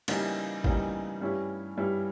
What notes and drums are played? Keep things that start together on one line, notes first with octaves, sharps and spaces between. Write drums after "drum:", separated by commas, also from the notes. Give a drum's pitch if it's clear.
C#3 E3 G3 A#3 D#4, drum: cymbal
C#3 E3 G3 A#3 D#4, drum: kick
G2 G3 C#4 E4
G2 G3 C#4 E4